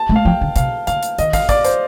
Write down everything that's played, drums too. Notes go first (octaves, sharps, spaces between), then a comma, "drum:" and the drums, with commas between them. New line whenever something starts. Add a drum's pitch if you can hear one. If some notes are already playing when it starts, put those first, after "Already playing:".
Already playing: A5
A3
F5
F3 G5
D3
C3 F5, drum: hi-hat
D3 F5, drum: hi-hat
drum: hi-hat
D#3 D#5, drum: hi-hat
F5, drum: kick, hi-hat
D5, drum: kick, hi-hat
C5, drum: hi-hat